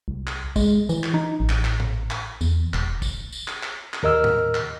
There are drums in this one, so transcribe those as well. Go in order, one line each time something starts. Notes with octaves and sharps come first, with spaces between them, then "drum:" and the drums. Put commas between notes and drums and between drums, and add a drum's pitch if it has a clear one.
C2
drum: clap
G#3, drum: kick, tambourine
E3, drum: tambourine
drum: clap
D#4
A1
drum: clap
drum: clap
drum: tom A2
drum: clap
E2, drum: tambourine
E1, drum: clap
drum: kick, tambourine
drum: tambourine
drum: clap
drum: clap
drum: clap
D#2 A#4 D#5 E6 F6
drum: tom A2
drum: clap